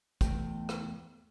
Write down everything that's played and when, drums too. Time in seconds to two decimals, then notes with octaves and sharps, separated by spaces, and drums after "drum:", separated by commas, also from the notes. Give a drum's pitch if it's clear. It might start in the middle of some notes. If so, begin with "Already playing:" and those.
0.21 E2 A3 G5, drum: kick, hi-hat
0.69 drum: rim click